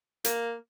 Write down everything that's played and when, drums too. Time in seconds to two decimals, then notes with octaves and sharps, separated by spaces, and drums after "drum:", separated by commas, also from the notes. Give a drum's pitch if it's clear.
0.24 A#3, drum: hi-hat